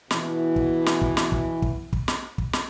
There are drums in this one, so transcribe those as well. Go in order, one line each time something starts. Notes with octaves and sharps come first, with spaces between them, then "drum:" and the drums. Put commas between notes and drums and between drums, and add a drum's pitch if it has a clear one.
B2 E3, drum: snare
drum: kick
drum: snare
drum: kick
drum: snare
drum: kick
drum: kick
drum: kick
drum: snare
drum: kick
drum: snare